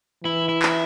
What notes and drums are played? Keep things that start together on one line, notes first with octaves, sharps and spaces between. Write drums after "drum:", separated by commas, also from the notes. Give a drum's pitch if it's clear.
E3 E4
E4
drum: clap